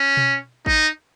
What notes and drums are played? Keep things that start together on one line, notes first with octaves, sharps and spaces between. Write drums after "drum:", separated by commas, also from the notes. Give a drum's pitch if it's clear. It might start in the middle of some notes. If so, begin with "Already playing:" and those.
Already playing: C#4
drum: tom B2
D#4, drum: kick